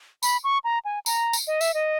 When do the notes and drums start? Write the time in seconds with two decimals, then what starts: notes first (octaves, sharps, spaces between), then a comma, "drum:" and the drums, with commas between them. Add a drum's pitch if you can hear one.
0.23 B5, drum: tambourine
0.44 C#6
0.64 A#5
0.85 G#5
1.06 A#5, drum: tambourine
1.33 drum: tambourine
1.47 D#5
1.61 E5, drum: tambourine
1.74 D#5